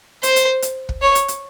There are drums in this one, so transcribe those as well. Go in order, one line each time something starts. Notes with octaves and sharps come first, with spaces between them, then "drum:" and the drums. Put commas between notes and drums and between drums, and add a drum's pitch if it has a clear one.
C5, drum: hi-hat
drum: hi-hat
drum: hi-hat
drum: kick
C#5
drum: hi-hat
drum: hi-hat